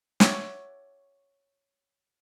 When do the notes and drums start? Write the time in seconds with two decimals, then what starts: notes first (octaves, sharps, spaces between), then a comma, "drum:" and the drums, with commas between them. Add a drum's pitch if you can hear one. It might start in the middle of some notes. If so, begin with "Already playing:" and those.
0.20 C#5 E5 F#5 D6, drum: snare